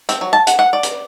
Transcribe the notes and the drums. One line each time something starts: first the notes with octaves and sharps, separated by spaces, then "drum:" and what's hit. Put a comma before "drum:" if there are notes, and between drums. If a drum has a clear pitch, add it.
C4, drum: hi-hat
F#3
A5
F#5, drum: hi-hat
F#5
D5
drum: hi-hat